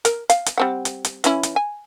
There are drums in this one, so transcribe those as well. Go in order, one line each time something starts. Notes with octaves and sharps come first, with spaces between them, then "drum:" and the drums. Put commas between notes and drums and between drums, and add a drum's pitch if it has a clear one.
A#4, drum: hi-hat
F5, drum: hi-hat
drum: hi-hat
G3 C4 F#5
drum: hi-hat
drum: hi-hat
E3 C#4 E4, drum: hi-hat
drum: hi-hat
G#5